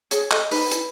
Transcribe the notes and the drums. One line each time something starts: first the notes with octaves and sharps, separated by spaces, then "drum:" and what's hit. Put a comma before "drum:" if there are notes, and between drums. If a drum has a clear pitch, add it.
G#4 C#5, drum: hi-hat
A4 D#5, drum: clap
D#4 B4, drum: open hi-hat
E4, drum: hi-hat